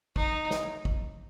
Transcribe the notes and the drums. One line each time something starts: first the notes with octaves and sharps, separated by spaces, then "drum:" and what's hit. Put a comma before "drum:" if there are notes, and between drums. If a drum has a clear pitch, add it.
D#4, drum: kick
drum: snare
drum: kick